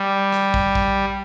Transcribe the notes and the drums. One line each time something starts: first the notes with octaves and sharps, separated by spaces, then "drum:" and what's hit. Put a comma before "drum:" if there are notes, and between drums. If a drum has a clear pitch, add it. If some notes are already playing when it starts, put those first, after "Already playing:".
Already playing: G3
drum: rim click
drum: kick
drum: kick